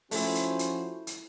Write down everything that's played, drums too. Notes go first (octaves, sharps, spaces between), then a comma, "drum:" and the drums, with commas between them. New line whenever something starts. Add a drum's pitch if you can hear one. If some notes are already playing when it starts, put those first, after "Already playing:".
F3 A3 C#4 E4 F#4 C5, drum: open hi-hat
drum: hi-hat
drum: hi-hat
drum: hi-hat